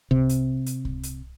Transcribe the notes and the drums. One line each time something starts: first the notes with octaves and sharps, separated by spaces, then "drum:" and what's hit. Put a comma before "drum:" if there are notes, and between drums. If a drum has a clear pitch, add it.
C3, drum: kick C2
drum: hi-hat
drum: hi-hat
drum: kick C2
drum: hi-hat